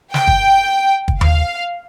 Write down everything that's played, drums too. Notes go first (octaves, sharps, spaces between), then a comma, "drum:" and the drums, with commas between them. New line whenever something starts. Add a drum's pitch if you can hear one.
G5, drum: snare
drum: kick
drum: kick
F5, drum: tom D#2